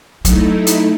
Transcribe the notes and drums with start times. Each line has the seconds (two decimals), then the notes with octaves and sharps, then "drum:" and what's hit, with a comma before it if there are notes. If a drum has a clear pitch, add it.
0.25 F#3 A3 D#4 E4, drum: kick, hi-hat
0.67 drum: hi-hat